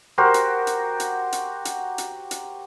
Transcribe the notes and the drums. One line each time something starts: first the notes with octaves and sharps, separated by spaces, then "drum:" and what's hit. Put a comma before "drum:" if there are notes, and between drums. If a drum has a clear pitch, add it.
F#4 G4 A#4 C5
drum: hi-hat
drum: hi-hat
drum: hi-hat
drum: hi-hat
drum: hi-hat
drum: hi-hat
drum: hi-hat